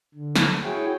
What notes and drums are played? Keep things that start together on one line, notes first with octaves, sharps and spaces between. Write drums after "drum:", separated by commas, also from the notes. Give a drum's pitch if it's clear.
D3
drum: snare
E4 F#4 G#4 C#5 G5